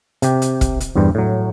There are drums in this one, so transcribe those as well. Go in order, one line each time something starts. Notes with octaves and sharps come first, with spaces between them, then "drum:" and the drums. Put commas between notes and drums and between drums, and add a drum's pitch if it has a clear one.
C3 G4, drum: hi-hat
drum: hi-hat
drum: kick, hi-hat
drum: hi-hat
E2 G2 G3 C5
A2 F#3